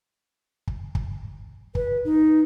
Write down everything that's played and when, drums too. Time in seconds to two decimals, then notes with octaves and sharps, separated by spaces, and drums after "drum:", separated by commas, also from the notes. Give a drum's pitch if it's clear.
0.68 drum: kick
0.95 drum: kick
1.75 B4, drum: kick
2.05 D#4